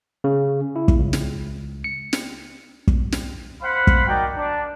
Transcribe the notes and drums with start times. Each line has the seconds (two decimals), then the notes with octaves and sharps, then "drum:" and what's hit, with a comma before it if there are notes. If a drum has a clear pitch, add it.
0.24 C#3
0.76 E4
0.88 drum: kick
0.98 C#2
1.13 drum: snare
1.84 C#7
2.13 drum: snare
2.87 drum: kick
3.12 drum: snare
3.62 C5 F5 F#5 B5
3.87 drum: kick
4.07 D#4 F#4 A#4 D5 G5
4.37 D4